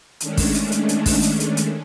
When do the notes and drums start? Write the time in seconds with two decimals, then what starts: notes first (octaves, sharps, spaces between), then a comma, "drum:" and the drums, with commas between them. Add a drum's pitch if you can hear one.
0.20 D#3 G#3 A3 C#4 D4, drum: hi-hat
0.37 drum: kick, open hi-hat
0.55 drum: hi-hat
0.72 drum: hi-hat
0.89 drum: hi-hat
1.06 drum: kick, open hi-hat
1.23 drum: hi-hat
1.40 drum: hi-hat
1.57 drum: hi-hat